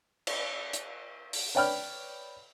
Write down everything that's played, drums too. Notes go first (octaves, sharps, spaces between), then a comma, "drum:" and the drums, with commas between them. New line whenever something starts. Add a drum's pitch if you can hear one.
drum: cymbal
drum: hi-hat
drum: open hi-hat
B4 C#5 D5 G5 B5 F6